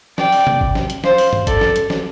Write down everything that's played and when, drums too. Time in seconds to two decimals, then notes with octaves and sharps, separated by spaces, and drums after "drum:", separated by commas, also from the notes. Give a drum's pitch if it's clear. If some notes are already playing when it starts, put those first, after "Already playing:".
0.18 D5 G5, drum: snare
0.32 drum: open hi-hat
0.47 drum: tom C3
0.61 drum: kick G1
0.75 drum: snare
0.90 drum: hi-hat
1.04 C5 F5, drum: snare
1.18 drum: open hi-hat
1.33 drum: tom G2
1.47 A4 D5, drum: kick G1, hi-hat
1.61 drum: snare
1.76 drum: hi-hat
1.90 drum: snare